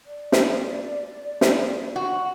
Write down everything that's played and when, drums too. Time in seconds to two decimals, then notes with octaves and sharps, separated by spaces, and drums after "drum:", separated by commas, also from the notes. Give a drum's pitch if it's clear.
0.06 D5
0.32 drum: snare
1.41 drum: snare
1.96 F#4